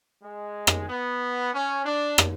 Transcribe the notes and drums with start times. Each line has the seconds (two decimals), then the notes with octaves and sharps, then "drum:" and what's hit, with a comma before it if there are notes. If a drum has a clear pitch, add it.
0.23 G#3
0.67 drum: rim click
0.89 B3
1.54 C#4
1.85 D4
2.18 drum: rim click